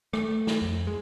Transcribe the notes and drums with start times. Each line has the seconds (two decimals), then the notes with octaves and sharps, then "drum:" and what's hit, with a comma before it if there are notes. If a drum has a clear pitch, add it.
0.13 A3, drum: rim click
0.47 drum: snare
0.62 F2
0.87 G#3